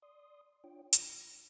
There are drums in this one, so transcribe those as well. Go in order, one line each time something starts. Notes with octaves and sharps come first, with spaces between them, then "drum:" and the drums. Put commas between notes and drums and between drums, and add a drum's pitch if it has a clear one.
D5 C6 D#6
D4 F4 C#5 G5
A#6, drum: hi-hat